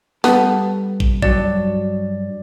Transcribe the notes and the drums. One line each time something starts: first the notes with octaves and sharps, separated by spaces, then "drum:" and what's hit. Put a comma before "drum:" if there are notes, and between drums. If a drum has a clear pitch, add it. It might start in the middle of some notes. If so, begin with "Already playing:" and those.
G3 B3 A4, drum: snare
drum: kick
G2 F#3 D5, drum: kick